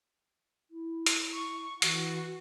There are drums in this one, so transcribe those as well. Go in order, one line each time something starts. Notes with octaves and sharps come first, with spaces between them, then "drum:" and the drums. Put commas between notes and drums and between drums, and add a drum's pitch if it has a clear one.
E4
drum: hi-hat
C#6
E3 F#4, drum: hi-hat